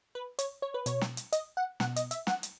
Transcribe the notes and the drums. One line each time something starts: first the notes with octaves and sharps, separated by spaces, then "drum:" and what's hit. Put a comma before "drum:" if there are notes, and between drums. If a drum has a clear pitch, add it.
B4
C#5, drum: hi-hat
C#5
B4
B2 C#5, drum: hi-hat
drum: snare
drum: hi-hat
D#5, drum: hi-hat
F#5
B2 F#5, drum: snare
D#5, drum: hi-hat
E5, drum: hi-hat
F#5, drum: snare
drum: hi-hat